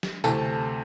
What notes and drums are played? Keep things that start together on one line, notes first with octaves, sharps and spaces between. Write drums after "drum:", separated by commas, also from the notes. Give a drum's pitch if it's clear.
drum: snare
D2 C3 E3 A3 C4 A5, drum: tambourine